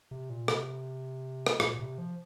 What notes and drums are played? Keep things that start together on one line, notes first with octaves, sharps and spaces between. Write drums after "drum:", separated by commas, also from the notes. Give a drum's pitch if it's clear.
C3
A#2
C3, drum: rim click
drum: rim click
A#2, drum: rim click
C3
F3